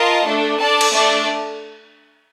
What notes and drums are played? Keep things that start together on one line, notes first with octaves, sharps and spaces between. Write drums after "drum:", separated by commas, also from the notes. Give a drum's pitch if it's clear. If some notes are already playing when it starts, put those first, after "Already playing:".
Already playing: F4 A#4 D#5 A5
A3 D4 A4
D4 A4 D5 A5
drum: cymbal
A3 D4 A4 D5 A5